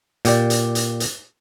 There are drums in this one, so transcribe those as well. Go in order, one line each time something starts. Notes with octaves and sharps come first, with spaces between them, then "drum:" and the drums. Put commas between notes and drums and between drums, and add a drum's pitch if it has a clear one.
A#2 G4 D5, drum: hi-hat
drum: hi-hat
drum: hi-hat
drum: hi-hat